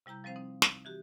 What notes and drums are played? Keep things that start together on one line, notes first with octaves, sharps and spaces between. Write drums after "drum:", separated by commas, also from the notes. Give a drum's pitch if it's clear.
C3 G3 E4 A#5 G6
F3 G3 C4 C5 F5
C4 D#4
D#4, drum: snare
E3 F#4 G4